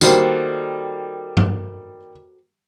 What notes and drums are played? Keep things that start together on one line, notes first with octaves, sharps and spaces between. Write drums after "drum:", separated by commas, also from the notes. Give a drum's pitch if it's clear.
D#3 G3 A#3 F#4 A4 C5, drum: tambourine
drum: tom G2